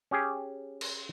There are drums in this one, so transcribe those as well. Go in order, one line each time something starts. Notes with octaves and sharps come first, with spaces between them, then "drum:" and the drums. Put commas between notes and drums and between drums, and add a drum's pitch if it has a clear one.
C#4 G4 G#4
drum: cymbal